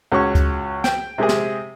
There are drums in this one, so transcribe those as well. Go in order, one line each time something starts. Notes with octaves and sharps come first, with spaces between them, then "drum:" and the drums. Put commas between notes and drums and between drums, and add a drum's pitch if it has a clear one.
C#2 C#4 F#4 C#5 C#6
drum: kick, hi-hat
G5, drum: snare
C3 G#3 G4 G#4
drum: snare